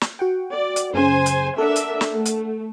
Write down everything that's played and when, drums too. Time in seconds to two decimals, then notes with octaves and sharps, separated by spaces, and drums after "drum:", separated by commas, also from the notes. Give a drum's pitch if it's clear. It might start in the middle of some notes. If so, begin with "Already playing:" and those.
0.01 drum: snare
0.19 F#4 F#5 G5
0.51 D5
0.76 drum: hi-hat
0.94 F#2 C#3 C5 G#5
1.26 drum: hi-hat
1.58 D4 A4 A#4 E5 F#5
1.76 drum: hi-hat
2.01 drum: snare
2.14 A3
2.26 drum: hi-hat